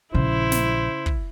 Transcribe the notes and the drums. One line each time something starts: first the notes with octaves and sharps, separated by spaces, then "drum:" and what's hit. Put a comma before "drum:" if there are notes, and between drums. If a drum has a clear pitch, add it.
A#1 C#3 E4 C5
drum: snare
drum: kick